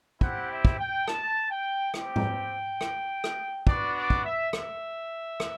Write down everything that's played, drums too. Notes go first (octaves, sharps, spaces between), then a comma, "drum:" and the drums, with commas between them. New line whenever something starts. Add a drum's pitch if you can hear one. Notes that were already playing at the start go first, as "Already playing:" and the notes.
G3 C4 E4 G4 F#5, drum: kick
E5
drum: kick
G5
A5, drum: rim click
G5
G3 C4 G4 G5, drum: rim click
drum: tom G#2
drum: rim click
drum: rim click
B3 D4 F#4 D5, drum: kick
D5
drum: kick
E5
E5, drum: rim click
drum: rim click